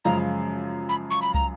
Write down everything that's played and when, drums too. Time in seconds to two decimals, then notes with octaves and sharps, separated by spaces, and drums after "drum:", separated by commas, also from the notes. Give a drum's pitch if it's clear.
0.05 F#2 C#3 F3 G#3 A#5
0.89 B5
1.10 C#6
1.22 B5
1.34 A#5, drum: kick